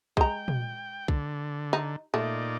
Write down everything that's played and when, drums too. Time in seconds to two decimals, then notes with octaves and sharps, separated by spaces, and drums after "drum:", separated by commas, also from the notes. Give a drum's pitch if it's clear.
0.17 G#3 G5 A#5, drum: kick B1
0.48 drum: tom A#2
1.08 D3, drum: kick B1
1.73 D#4
2.14 A#2 A3 D#4 D5